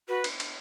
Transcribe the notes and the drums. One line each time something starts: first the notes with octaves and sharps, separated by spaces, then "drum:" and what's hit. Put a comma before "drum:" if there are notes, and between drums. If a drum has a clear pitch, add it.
F#4 B4
drum: cymbal
drum: cymbal